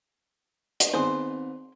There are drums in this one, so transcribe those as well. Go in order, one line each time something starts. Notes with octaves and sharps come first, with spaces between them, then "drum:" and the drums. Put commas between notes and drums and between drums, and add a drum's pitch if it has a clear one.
drum: hi-hat
D#3 B3 C4 D#4 G#4 C5